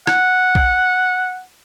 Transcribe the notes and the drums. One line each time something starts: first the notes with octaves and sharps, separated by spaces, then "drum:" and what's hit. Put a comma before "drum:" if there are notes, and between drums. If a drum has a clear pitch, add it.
F#5, drum: rim click
drum: kick